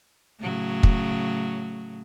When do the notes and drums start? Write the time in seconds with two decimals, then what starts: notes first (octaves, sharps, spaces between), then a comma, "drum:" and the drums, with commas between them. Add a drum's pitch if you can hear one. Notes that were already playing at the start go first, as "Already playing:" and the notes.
0.40 A2 C#3 F#3
0.83 drum: kick